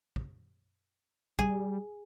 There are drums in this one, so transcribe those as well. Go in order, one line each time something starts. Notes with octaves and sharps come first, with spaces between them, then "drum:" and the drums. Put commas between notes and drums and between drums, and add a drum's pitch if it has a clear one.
drum: kick
G3 G#4, drum: kick